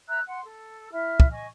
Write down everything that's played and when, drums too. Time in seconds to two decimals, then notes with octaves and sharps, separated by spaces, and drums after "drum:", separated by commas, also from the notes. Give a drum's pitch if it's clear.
0.07 E5 A#5 E6 F#6
0.27 F#5 C6
0.45 A4
0.92 E4 E5 F6
1.20 drum: kick
1.30 D#5 G#5 C#6